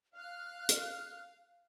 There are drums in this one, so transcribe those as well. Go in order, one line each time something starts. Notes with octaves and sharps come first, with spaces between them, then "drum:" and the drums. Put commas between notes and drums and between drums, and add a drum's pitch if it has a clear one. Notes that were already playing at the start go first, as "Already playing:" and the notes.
F5 F6 F#6
drum: hi-hat